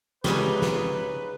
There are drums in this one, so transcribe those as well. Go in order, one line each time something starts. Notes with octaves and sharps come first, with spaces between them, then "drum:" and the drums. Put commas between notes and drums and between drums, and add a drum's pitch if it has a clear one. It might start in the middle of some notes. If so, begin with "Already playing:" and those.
C#3 G3 G#3 D#4 B4, drum: snare
drum: snare